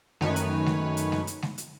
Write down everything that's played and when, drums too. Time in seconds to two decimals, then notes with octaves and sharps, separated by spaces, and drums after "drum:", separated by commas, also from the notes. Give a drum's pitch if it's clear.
0.21 F#2 D#3 A3 B4 C#5 G#5, drum: snare G#3
0.36 drum: hi-hat
0.66 drum: snare G#3
0.97 drum: hi-hat
1.12 drum: snare G#3
1.27 drum: hi-hat
1.42 drum: snare G#3
1.58 drum: hi-hat